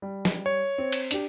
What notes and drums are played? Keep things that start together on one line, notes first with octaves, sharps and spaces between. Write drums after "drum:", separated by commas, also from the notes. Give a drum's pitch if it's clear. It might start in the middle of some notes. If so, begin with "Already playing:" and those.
G3
drum: snare
C#5
C4
drum: cymbal
D4 G4, drum: hi-hat